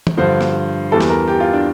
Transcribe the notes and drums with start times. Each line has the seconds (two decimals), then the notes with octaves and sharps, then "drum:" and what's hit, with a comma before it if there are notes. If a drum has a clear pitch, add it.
0.07 drum: tom E3
0.17 G2 D3 F3 C5
0.41 drum: snare
0.91 E2 E3 G3 A4
1.00 drum: snare
1.10 A#4
1.28 G4
1.40 F4
1.53 D4